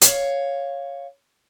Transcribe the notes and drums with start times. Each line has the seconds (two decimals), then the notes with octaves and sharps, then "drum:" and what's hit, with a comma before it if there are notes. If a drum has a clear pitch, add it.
0.01 C#5 F5, drum: hi-hat